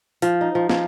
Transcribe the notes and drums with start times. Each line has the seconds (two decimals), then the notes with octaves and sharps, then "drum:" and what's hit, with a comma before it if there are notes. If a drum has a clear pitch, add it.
0.22 F3, drum: hi-hat
0.41 D#4
0.55 F3
0.70 F3, drum: snare